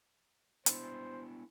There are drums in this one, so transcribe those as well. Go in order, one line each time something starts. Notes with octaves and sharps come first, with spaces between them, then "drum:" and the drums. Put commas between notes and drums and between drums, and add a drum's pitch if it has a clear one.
B3 D4 E4 C5, drum: hi-hat